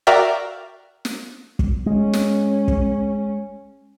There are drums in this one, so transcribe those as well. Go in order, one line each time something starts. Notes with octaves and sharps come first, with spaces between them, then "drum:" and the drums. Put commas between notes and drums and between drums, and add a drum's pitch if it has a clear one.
F#4 A#4 D5 E5 F5 G5
drum: snare
drum: kick
G#3 C#4
drum: snare
drum: kick